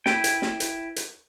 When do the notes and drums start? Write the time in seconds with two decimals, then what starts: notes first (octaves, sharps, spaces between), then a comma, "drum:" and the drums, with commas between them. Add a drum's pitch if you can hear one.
0.06 E4 B4 G5, drum: snare
0.24 drum: hi-hat
0.42 drum: snare
0.60 drum: hi-hat
0.96 drum: hi-hat